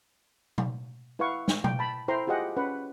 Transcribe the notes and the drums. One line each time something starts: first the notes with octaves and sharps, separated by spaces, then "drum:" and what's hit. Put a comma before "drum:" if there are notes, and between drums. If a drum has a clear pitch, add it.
drum: tom B2
E4 B4 F5 F#5 C#6
drum: snare
G5, drum: tom B2
A5 B5
E4 A4 C5 G5 A#5 C6
F4 G4 G#4 D#5 F#5 G5
C#4 B4 F#5